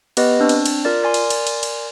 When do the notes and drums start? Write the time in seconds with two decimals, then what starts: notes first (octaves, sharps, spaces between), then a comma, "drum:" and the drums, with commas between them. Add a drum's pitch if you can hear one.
0.17 B3 G4 B4 D#5, drum: cymbal
0.40 C4 D4
0.49 drum: cymbal
0.66 drum: cymbal
0.85 F4 A#4 D5
1.03 A#4 D5 G#5 C6
1.14 drum: cymbal
1.30 drum: cymbal
1.47 drum: cymbal
1.63 drum: cymbal